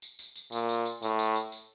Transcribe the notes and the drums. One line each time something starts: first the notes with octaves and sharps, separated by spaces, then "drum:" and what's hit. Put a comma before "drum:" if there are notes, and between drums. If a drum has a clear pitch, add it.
drum: tambourine
drum: tambourine
drum: tambourine
A#2, drum: tambourine
drum: tambourine
drum: tambourine
A2, drum: tambourine
drum: tambourine
drum: tambourine
drum: tambourine